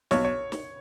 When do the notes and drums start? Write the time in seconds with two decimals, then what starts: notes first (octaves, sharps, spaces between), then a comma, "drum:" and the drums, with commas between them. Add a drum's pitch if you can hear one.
0.11 B1 C#5, drum: snare
0.24 C#5
0.52 drum: snare